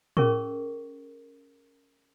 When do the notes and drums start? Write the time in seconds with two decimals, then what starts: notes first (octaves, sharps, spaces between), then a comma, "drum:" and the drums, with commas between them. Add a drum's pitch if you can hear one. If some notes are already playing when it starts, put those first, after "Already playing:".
0.17 C#4 G#4 A#4 C#6, drum: tom